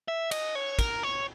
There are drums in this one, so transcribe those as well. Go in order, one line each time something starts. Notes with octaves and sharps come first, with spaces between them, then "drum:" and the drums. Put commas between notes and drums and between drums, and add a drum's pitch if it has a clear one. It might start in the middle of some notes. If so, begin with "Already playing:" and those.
E5
D#5, drum: cymbal
C#5
A#4, drum: kick, cymbal
C#5